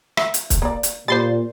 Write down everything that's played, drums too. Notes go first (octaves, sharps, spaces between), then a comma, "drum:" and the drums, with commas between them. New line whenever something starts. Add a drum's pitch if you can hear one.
E5, drum: rim click
drum: hi-hat
drum: kick C#1, hi-hat
A#3 D5
drum: hi-hat
A#2 G3 C5 C6 A6